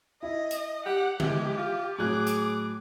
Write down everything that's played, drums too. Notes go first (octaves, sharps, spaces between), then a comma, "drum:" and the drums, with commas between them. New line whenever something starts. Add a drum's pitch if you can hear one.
E4 D#5
drum: hi-hat
G4 F#5
G#3 E4 G4, drum: tom D3
F4
A2 F#3 G#4 D6 F#6
drum: hi-hat